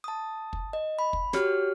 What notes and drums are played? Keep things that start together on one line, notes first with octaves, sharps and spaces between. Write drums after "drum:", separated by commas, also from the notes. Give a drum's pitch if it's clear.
A5 D#6
drum: kick
D#5
B5
drum: kick
F#4 G4 C#5 F6, drum: snare